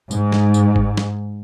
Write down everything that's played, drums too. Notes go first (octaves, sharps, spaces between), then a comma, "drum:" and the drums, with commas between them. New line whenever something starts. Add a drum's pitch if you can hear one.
G#2, drum: tambourine
drum: snare
drum: tambourine
drum: kick G1
drum: snare